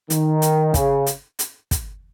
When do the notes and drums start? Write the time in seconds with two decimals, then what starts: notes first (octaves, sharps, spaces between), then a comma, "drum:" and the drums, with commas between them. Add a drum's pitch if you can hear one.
0.10 D#3, drum: hi-hat
0.42 drum: hi-hat
0.74 C#3, drum: kick, hi-hat
1.06 drum: hi-hat
1.39 drum: hi-hat
1.71 drum: kick, hi-hat